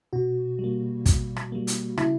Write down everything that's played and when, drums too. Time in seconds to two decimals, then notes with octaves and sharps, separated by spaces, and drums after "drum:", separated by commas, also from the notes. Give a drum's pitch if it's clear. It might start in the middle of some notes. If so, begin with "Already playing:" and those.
0.13 B2 F#4
0.59 G3
0.64 A#3
1.06 B2, drum: kick, hi-hat
1.36 drum: rim click
1.52 G3 A#3
1.67 drum: hi-hat
1.98 C#3 E4, drum: rim click